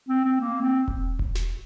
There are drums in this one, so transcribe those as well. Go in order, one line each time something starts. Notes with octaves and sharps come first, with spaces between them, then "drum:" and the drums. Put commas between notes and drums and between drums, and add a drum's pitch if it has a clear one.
C4
C4
A#3
C4
drum: kick E1
drum: kick E1
drum: snare